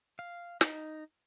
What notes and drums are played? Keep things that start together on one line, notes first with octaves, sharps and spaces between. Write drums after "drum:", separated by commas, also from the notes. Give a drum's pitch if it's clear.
F5
D#4, drum: snare